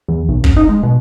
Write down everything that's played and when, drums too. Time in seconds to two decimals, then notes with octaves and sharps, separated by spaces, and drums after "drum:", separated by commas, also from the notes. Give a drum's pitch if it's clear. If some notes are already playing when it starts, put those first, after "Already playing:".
0.08 E2
0.29 B1
0.44 F#2, drum: kick
0.57 D#4
0.69 G#3
0.83 B2